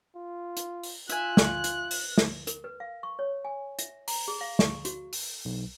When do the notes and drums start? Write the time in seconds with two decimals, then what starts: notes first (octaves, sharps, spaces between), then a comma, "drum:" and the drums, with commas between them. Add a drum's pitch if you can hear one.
0.16 F4
0.57 drum: hi-hat
0.83 drum: open hi-hat
1.10 F4 E5 G#5 F#6, drum: hi-hat
1.37 drum: snare
1.64 drum: hi-hat
1.91 drum: open hi-hat
2.18 drum: snare
2.47 A#4, drum: hi-hat
2.64 B4
2.80 F5
3.03 C#6
3.19 C#5
3.45 G#5
3.79 E5, drum: hi-hat
4.08 A#5, drum: open hi-hat
4.28 G#4
4.41 F5
4.59 C#6, drum: snare
4.85 F#4, drum: hi-hat
5.13 drum: open hi-hat
5.45 B1